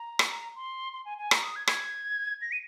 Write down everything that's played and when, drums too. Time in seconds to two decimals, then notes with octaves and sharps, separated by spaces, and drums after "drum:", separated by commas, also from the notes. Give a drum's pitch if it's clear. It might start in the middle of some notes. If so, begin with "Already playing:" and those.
Already playing: A#5
0.19 drum: rim click
0.56 C6
0.93 C6
1.05 G#5
1.18 G#5
1.31 A#5, drum: rim click
1.43 D#6
1.56 G#6
1.67 G#6, drum: rim click
2.42 A#6
2.52 D#7